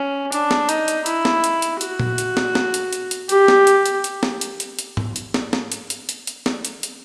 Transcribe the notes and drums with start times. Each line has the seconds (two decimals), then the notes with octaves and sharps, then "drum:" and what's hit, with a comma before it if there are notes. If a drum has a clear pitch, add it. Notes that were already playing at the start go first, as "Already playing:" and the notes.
Already playing: C#4
0.32 D4, drum: hi-hat
0.51 drum: snare
0.69 D#4, drum: hi-hat
0.88 drum: hi-hat
1.06 E4, drum: hi-hat
1.25 drum: snare
1.44 drum: hi-hat
1.62 drum: hi-hat
1.81 F#4, drum: hi-hat
2.00 drum: tom A#2
2.18 drum: hi-hat
2.37 drum: snare
2.55 drum: snare
2.74 drum: hi-hat
2.93 drum: hi-hat
3.11 drum: hi-hat
3.29 G4, drum: hi-hat
3.48 drum: snare
3.67 drum: hi-hat
3.86 drum: hi-hat
4.04 drum: hi-hat
4.23 drum: snare
4.41 drum: hi-hat
4.60 drum: hi-hat
4.79 drum: hi-hat
4.97 drum: tom G#2
5.16 drum: hi-hat
5.34 drum: snare
5.53 drum: snare
5.72 drum: hi-hat
5.90 drum: hi-hat
6.09 drum: hi-hat
6.27 drum: hi-hat
6.46 drum: snare
6.65 drum: hi-hat
6.83 drum: hi-hat